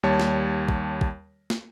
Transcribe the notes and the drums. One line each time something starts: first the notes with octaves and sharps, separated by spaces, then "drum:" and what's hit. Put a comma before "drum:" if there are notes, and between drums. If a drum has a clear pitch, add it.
D#2 G3 C#5 A5
drum: snare
drum: kick
drum: kick
drum: snare